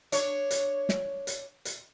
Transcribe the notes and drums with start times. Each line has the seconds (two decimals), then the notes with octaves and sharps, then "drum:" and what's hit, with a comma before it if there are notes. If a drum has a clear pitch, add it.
0.12 D4 C#5, drum: hi-hat
0.51 drum: hi-hat
0.89 drum: snare
1.27 drum: hi-hat
1.65 drum: hi-hat